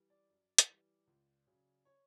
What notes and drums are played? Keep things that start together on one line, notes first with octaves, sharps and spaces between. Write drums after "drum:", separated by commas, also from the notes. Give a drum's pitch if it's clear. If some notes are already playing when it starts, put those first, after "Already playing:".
Already playing: E3 G3
D5
F#2
drum: hi-hat
E3 G3
C#2
C#3 F#3
C#5